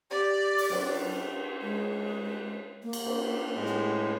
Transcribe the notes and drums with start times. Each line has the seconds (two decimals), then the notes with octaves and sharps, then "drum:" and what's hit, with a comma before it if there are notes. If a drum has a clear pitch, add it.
0.11 G4 D5
0.58 drum: open hi-hat
0.71 F#3, drum: cymbal
1.62 G#3
2.83 A#3
2.93 drum: cymbal
3.06 drum: cymbal
3.56 A2 G#3
3.66 drum: snare